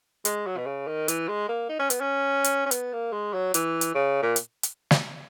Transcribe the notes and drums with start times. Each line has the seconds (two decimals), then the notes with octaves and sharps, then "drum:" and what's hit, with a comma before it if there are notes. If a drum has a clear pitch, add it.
0.25 G#3, drum: hi-hat
0.46 F#3
0.57 B2
0.66 C#3
0.87 D#3
1.08 E3, drum: hi-hat
1.28 G#3
1.49 A#3
1.69 D#4
1.79 C#4
1.90 B3, drum: hi-hat
2.00 C#4
2.44 drum: hi-hat
2.66 C#4
2.71 B3, drum: hi-hat
2.93 A#3
3.12 G#3
3.34 F#3
3.54 E3, drum: hi-hat
3.81 drum: hi-hat
3.95 C#3
4.23 A#2
4.36 drum: hi-hat
4.63 drum: hi-hat
4.91 drum: snare